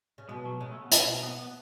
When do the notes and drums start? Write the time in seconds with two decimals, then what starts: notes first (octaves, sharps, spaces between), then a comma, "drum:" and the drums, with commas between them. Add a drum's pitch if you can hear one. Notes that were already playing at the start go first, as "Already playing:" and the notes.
0.18 C#3
0.29 B2 G#3
0.45 F#3
0.60 C#3 G#3
0.71 A3
0.81 B3
0.92 B2, drum: hi-hat
1.23 B3
1.39 B3